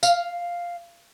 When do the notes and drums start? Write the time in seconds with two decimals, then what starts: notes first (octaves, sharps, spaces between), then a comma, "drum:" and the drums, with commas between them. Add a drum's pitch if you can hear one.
0.03 F5, drum: tambourine